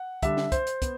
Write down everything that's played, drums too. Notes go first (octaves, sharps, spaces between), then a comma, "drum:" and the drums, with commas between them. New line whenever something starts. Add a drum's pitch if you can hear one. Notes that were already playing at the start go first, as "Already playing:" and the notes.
Already playing: F#5
D3 G3 D4 E5, drum: kick, hi-hat
drum: snare
C5, drum: kick, hi-hat
drum: hi-hat
B3, drum: kick, hi-hat